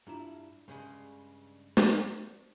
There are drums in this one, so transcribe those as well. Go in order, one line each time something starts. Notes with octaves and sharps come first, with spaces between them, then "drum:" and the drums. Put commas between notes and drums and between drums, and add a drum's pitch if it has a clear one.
G2 D4 E4 F4 A#5
G2 C#3 G#3
C4 D4 A#4 E6, drum: snare